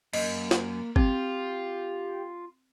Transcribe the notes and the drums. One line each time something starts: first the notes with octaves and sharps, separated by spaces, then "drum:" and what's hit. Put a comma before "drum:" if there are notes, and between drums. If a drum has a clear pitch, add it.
F#2 A#3 D#5, drum: cymbal
drum: snare
C4 F4 G4, drum: kick G1